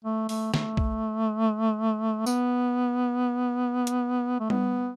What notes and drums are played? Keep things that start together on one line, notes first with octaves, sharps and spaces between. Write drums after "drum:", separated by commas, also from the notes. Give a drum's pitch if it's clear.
A3
A3, drum: open hi-hat
A3, drum: snare
drum: kick
B3, drum: tambourine
drum: hi-hat
A3
B3, drum: tom G3